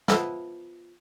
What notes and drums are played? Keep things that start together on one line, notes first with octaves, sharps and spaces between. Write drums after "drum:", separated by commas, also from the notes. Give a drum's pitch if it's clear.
F3 B3 E4, drum: snare